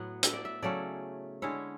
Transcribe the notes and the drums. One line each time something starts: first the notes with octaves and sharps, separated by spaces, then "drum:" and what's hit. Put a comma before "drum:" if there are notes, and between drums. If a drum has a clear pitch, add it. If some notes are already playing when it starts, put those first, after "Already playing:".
Already playing: A2 F#3 B3 F#5
E5, drum: hi-hat
D5
E5
C#3 F#3 A3 C#4 D5
D3 G#3 C#4 E4 C#5